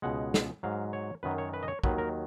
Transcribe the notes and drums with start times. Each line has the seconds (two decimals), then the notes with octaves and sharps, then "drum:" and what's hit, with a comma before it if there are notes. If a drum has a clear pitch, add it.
0.02 C#2 B2 G#3 F#5
0.34 drum: snare
0.63 G#2 F#3 F5
0.93 C#5
1.23 F#2 D#3 F#3 B4
1.38 C#5
1.54 B4
1.63 D#5
1.68 C#5
1.84 D#2 D#3 F#3 B4, drum: kick
1.98 A#4